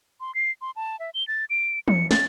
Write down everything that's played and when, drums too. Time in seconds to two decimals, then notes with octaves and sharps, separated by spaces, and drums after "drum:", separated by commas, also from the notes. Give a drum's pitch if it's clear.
0.21 C6
0.35 C7
0.62 C6
0.76 A5
1.00 E5
1.14 G7
1.28 A6
1.50 D7
1.88 C#7, drum: tom
2.11 A6, drum: snare